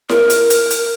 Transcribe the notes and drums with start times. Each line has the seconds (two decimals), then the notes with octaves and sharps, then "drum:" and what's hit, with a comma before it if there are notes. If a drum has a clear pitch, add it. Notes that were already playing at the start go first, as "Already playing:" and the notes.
0.09 A#4, drum: snare E4
0.30 drum: hi-hat
0.50 drum: hi-hat
0.71 drum: hi-hat